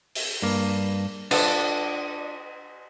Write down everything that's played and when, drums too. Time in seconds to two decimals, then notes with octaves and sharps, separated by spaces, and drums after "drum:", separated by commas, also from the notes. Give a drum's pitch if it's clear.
0.15 drum: open hi-hat
0.42 G2 A#3
1.31 D4 F4 A4, drum: cymbal